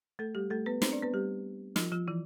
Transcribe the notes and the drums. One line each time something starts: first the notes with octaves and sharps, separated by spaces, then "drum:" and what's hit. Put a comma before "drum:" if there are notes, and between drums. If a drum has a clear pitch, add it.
A3 A4
G3 G4
A3 A4
B3 B4
C4 C5, drum: snare
D4 D5
B3 B4
G3 G4
F3 F4, drum: snare
F3 F4
E3 E4